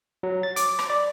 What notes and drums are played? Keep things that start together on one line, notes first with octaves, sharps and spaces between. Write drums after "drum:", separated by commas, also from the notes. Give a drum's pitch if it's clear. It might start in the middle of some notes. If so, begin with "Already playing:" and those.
F#3
A6
D6, drum: hi-hat
drum: rim click
D5